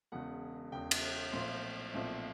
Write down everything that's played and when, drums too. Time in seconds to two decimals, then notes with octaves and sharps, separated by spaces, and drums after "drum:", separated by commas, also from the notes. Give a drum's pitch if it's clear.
0.12 E1 E2 C#3 F#5
0.72 E1 E2 C#3 G5
0.91 drum: cymbal
1.32 B1 A#2 F3 A3 C4 C6
1.93 B1 A#2 F3 A3 C4